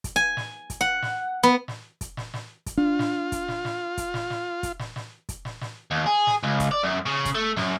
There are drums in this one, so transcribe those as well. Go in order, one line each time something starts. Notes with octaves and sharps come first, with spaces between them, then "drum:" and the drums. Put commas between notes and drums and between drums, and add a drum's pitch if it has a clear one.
drum: kick, hi-hat
G#5
drum: snare
drum: kick, hi-hat
F#5
drum: snare
B3
drum: snare
drum: kick, hi-hat
drum: snare
drum: snare
drum: kick, hi-hat
D4 F4
drum: snare
drum: kick, hi-hat
drum: snare
drum: snare
drum: kick, hi-hat
drum: snare
drum: snare
drum: kick, hi-hat
drum: snare
drum: snare
drum: kick, hi-hat
drum: snare
drum: snare
D#2
G#4
drum: snare
C#2
drum: kick, hi-hat
D5
F#2
C#3
drum: kick, hi-hat
A3
F#2, drum: snare